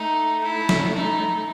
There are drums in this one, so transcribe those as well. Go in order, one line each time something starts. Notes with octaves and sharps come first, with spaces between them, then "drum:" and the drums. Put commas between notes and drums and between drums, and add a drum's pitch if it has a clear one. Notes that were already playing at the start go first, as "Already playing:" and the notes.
Already playing: A3 D#4
E4
drum: snare
D#4